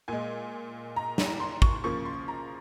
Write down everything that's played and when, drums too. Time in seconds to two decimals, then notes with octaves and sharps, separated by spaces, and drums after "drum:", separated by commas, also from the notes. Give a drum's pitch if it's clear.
0.08 A#2 G#3 G#5
0.96 A#5
1.18 drum: snare
1.40 C6
1.62 C#6, drum: kick
1.84 C#3 F3 A#3 C#6
2.05 C6
2.28 A#5